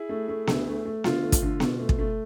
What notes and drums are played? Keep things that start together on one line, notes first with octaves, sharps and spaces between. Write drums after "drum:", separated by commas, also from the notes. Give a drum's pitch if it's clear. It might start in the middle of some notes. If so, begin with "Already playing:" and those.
Already playing: E4 G#4
A3
A3
D2, drum: snare B3
A3
A3
D3 F4, drum: snare B3
A3
drum: kick, hi-hat
D3
B2, drum: snare B3
A3
drum: kick
A3